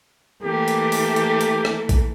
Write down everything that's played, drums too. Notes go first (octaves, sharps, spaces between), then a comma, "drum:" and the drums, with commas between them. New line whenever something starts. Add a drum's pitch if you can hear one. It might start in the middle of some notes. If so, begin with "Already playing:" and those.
E3 A3 A#3 G4
drum: hi-hat
drum: open hi-hat
drum: hi-hat
drum: hi-hat
drum: rim click
drum: kick A#1, hi-hat